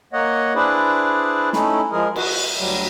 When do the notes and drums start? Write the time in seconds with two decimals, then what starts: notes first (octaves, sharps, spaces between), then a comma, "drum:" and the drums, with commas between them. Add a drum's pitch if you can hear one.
0.13 A#3 C#5 D#5 F#5
0.55 D4 E4 G#4 B4 C5 D5
1.53 A3 C#4 D#4 E4, drum: snare
1.92 F3 G#3 G#4 A#4
2.16 F#4, drum: cymbal
2.58 D2 F#3 G3